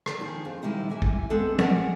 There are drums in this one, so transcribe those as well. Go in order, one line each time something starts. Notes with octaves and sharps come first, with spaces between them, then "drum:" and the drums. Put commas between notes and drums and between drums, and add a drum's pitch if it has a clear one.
drum: rim click
D#3 F3 D4 G#4
F2 C5
D#3 G3 G#3 E4 G4
D3 E3 E5 G#5
drum: kick
G#3 B3 C4 D4 G#4 A4
G#4 A#4 D5 F#5 G#5 A5, drum: tom